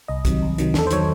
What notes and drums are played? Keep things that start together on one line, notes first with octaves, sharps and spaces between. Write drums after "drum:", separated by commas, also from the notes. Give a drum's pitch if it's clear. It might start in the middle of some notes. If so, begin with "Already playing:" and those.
C2 D#5
C3 D#3 F#3, drum: kick, hi-hat
C2
C3 D#3 F#3, drum: hi-hat
E2 A4, drum: snare
C5
D#3 F#3 C#5, drum: hi-hat